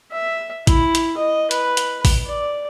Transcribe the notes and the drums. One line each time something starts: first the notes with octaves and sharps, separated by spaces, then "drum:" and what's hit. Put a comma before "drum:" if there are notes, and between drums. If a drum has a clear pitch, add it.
E5
E4, drum: kick A1, hi-hat
drum: hi-hat
D#5
B4, drum: hi-hat
drum: hi-hat
drum: kick A1, open hi-hat
D5